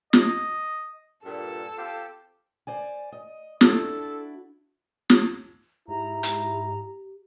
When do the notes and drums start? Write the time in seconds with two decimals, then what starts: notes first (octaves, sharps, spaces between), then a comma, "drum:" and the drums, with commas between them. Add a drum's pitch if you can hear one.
0.13 D#5, drum: snare
1.24 G2 A#2 A4
1.77 C4 F4 G4
2.67 C5 D5 G#5
3.12 D#5
3.61 D4 E4 F#4 A4, drum: snare
5.10 drum: snare
5.88 G#2 E4 G4 A#5
6.23 drum: hi-hat